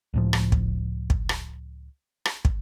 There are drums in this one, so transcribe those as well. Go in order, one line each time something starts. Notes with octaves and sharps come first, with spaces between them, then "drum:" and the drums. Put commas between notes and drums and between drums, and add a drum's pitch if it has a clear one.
C#2 A2 F3
drum: rim click
drum: kick
drum: kick
drum: rim click
drum: rim click
drum: kick